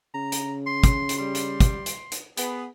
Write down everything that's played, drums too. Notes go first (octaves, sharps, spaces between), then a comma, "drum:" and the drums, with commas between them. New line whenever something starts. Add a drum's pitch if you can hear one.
C#3 A#5
drum: hi-hat
C6
drum: kick, hi-hat
drum: hi-hat
G3 C6
drum: hi-hat
drum: kick, hi-hat
drum: hi-hat
drum: hi-hat
B3 G#4, drum: hi-hat